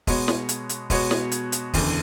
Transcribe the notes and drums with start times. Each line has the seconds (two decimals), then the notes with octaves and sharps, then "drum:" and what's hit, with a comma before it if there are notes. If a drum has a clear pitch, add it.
0.07 B2 G#3 B3 F#4 C#5, drum: kick, open hi-hat
0.28 drum: snare
0.49 drum: hi-hat
0.69 drum: hi-hat
0.90 B2 G#3 B3 F#4 C#5, drum: kick, open hi-hat
1.11 drum: snare
1.32 drum: hi-hat
1.52 drum: hi-hat
1.74 F#1 E2 D3, drum: kick, open hi-hat